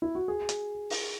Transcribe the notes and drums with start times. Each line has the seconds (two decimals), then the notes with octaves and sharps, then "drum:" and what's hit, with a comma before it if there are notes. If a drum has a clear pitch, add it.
0.02 E4
0.15 F#4
0.28 G#4
0.49 drum: hi-hat
0.90 drum: open hi-hat